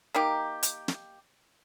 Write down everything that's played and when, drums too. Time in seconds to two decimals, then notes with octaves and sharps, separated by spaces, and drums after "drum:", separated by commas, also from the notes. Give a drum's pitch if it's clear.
0.14 A#3 D#4 G4
0.63 drum: hi-hat
0.88 drum: snare